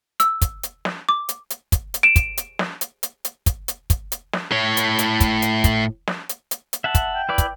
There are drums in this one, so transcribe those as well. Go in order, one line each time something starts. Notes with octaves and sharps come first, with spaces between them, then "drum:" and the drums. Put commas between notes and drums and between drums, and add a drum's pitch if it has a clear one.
E6, drum: hi-hat
drum: kick, hi-hat
drum: hi-hat
drum: snare
D6
drum: hi-hat
drum: hi-hat
drum: kick, hi-hat
drum: hi-hat
D7 E7
drum: kick, hi-hat
drum: hi-hat
drum: snare
drum: hi-hat
drum: hi-hat
drum: hi-hat
drum: kick, hi-hat
drum: hi-hat
drum: kick, hi-hat
drum: hi-hat
drum: snare
A2 C#5
drum: hi-hat
drum: hi-hat
drum: kick, hi-hat
drum: hi-hat
drum: kick, hi-hat
drum: snare
drum: hi-hat
drum: hi-hat
drum: hi-hat
E5 F#5 A5
drum: kick, hi-hat
G5
E4 B4 D5
drum: kick, hi-hat